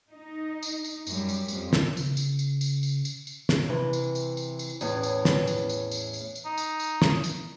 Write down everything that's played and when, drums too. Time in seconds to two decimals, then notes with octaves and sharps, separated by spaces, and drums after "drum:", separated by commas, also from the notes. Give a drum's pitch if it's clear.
0.10 D#4
0.63 drum: tambourine
0.85 drum: tambourine
1.07 F#2 F#3 G3, drum: tambourine
1.29 drum: tambourine
1.48 F2 G3, drum: tambourine
1.73 drum: snare
1.97 C#3, drum: tambourine
2.17 drum: tambourine
2.39 drum: tambourine
2.61 drum: tambourine
2.83 drum: tambourine
3.05 drum: tambourine
3.27 drum: tambourine
3.49 drum: snare
3.68 C3 E3
3.93 drum: tambourine
4.15 drum: tambourine
4.37 drum: tambourine
4.59 drum: tambourine
4.81 E2 A2 E3 B3 C#4, drum: tambourine
5.03 drum: tambourine
5.25 drum: snare
5.47 drum: tambourine
5.69 drum: tambourine
5.91 drum: tambourine
6.13 drum: tambourine
6.35 drum: tambourine
6.45 D#4
6.58 drum: tambourine
6.80 drum: tambourine
7.02 drum: snare
7.24 drum: tambourine